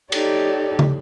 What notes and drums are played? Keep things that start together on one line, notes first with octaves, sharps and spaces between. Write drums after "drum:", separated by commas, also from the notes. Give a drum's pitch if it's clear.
D#4 G4 A4 C#5 D5, drum: cymbal
drum: tom